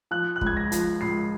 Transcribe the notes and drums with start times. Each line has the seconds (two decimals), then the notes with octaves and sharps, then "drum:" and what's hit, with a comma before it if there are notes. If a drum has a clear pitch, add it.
0.11 F3 F#6
0.36 F#6
0.41 C#2, drum: kick
0.47 G#6
0.57 A#6
0.72 F3, drum: hi-hat
1.01 C#2 C7